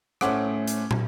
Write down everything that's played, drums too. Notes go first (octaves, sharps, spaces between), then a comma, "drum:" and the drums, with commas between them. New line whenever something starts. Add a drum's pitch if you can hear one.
A2 A3 C#4 C5 F#5 D6, drum: rim click
drum: hi-hat
drum: tom